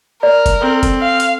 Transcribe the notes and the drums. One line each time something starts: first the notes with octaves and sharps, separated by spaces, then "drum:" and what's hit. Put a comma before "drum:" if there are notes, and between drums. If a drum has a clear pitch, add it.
A#4 D5
drum: kick F#1, hi-hat
C4 A4
drum: kick F#1, hi-hat
F5
drum: hi-hat